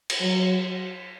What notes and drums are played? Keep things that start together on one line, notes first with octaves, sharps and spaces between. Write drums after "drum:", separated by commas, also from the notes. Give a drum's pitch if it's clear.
drum: cymbal
F#3